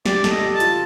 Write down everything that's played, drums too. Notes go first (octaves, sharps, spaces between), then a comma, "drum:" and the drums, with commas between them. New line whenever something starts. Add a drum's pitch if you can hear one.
G4 D5, drum: snare
A4, drum: snare
D#5
G4
A5
F4, drum: hi-hat